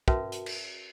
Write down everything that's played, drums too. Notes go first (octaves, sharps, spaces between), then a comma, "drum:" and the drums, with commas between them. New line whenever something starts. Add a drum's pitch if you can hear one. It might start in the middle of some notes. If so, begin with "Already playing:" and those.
C#4 F#4 A#4 B4 E5 A5, drum: kick
drum: hi-hat
drum: cymbal